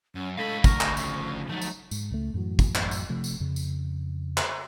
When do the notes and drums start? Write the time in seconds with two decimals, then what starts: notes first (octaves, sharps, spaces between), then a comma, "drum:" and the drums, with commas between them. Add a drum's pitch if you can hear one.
0.15 F#2 C#4
0.37 A2 G#3 A4 F5 B5
0.64 D3 A3 A#4 C#6, drum: kick, tambourine
0.80 drum: clap
0.97 C#3 F3, drum: tambourine
1.49 F3 F#3 A3 D#4
1.62 drum: tambourine
1.91 G#2, drum: tambourine
2.11 C#2 A3
2.34 F#2 A2 E3 F#3
2.59 drum: kick, tambourine
2.75 drum: clap
2.91 drum: tambourine
3.09 C3 F3 A3
3.24 drum: tambourine
3.40 F2 C#3
3.56 drum: tambourine
4.37 drum: clap